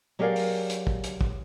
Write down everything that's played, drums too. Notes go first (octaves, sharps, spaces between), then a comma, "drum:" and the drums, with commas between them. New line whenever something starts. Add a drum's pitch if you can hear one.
F#3 G4 G#4 A#4 D5 F5
drum: open hi-hat
drum: hi-hat
drum: kick
drum: hi-hat
drum: kick